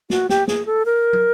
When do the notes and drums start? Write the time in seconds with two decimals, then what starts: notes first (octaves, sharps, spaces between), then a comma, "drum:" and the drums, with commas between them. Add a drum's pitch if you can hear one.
0.10 F#4, drum: snare
0.29 G4, drum: snare
0.48 G#4, drum: snare
0.66 A4
0.85 A#4
1.13 drum: tom